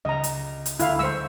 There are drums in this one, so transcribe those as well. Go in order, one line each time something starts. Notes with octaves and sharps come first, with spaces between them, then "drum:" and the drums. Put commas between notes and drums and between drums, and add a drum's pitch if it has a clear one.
C#2 D#5 A#5
drum: hi-hat
drum: hi-hat
D2 E4 F5, drum: hi-hat
G#3 C5 C#6 E6 C#7